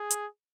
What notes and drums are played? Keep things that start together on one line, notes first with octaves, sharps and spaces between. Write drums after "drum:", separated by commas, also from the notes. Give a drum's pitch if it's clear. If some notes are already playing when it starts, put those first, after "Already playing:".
Already playing: G#4
drum: hi-hat